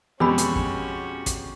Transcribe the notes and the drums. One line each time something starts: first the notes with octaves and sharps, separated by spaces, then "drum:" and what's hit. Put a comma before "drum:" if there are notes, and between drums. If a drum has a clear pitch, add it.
F2 B2 G#3 C#4 F#4 G4 B5 E6
drum: hi-hat
drum: kick
drum: kick, hi-hat